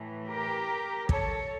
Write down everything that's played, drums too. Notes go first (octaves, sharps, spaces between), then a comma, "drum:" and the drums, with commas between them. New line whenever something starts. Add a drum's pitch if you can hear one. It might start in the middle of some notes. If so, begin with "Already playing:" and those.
Already playing: A2 E3
G4 A#4
A4 C#5, drum: kick